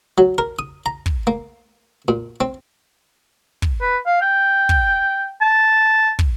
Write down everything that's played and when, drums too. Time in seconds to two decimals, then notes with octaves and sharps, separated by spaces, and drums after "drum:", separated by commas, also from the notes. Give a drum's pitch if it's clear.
0.18 F#3
0.38 A#4
0.59 D#6
0.86 A#5
1.06 drum: kick
1.27 A#3
2.08 A#2
2.41 C4
3.62 drum: kick
3.81 B4
4.06 F5
4.22 G5
4.69 drum: kick
5.42 A5
6.19 drum: kick